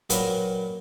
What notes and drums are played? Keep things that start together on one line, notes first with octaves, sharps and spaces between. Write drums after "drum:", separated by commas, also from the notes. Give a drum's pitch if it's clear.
A#2 F#3 A#4 B4 G5 B5, drum: hi-hat